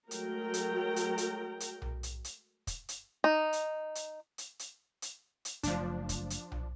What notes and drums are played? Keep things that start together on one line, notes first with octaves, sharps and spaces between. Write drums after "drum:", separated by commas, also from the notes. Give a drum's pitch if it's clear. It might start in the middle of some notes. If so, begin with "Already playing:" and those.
F#3 G#3 A3 A#4 G5 A#5, drum: hi-hat
drum: hi-hat
drum: hi-hat
drum: hi-hat
drum: hi-hat
drum: tom B1
drum: hi-hat
drum: hi-hat
drum: kick, hi-hat
drum: hi-hat
D#4
drum: hi-hat
drum: hi-hat
drum: hi-hat
drum: hi-hat
drum: hi-hat
drum: hi-hat
F#1 F3 A3 D4, drum: hi-hat
drum: kick, hi-hat
drum: hi-hat
drum: tom B1